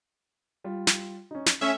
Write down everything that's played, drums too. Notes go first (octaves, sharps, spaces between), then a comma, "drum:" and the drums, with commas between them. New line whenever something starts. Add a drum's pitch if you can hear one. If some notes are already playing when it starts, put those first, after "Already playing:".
G3 F4
drum: snare
C#4 D#4
drum: snare
A3 C#4 E5